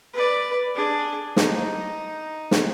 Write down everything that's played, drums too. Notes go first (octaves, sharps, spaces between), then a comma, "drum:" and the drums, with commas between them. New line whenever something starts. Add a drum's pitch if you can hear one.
B4 D5
D4 G#4
D#4, drum: snare
drum: snare